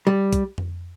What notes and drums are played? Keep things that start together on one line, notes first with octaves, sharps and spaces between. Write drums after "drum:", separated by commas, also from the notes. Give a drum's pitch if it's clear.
G3
drum: kick, hi-hat
drum: tom F2